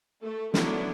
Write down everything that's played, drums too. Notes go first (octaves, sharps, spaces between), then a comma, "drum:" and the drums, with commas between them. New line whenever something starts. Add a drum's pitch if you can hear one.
A3 A4
D3 F#3 B3 D4 E4, drum: snare